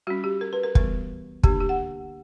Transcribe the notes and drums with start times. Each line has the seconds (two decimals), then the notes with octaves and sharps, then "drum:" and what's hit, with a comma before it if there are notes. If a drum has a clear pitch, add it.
0.07 G3 C#4 F#4
0.24 G4
0.41 A#4
0.53 B4
0.63 A#4
0.75 E3 G3 B3 A#4, drum: kick
1.43 D3 A#3 D4 G4, drum: kick
1.61 G4
1.69 F#5